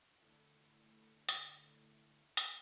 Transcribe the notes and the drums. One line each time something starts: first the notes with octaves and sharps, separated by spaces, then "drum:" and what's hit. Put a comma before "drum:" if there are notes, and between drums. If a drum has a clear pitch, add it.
D3 A3 E4 C#7
drum: hi-hat
drum: hi-hat